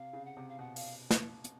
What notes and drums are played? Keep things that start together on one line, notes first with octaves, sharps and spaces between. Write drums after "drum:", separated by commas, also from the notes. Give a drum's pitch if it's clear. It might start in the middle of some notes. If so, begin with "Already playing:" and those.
Already playing: C3 F5
C#3
F#5
C3
F5
B2 F#5
F5, drum: open hi-hat
drum: snare
drum: hi-hat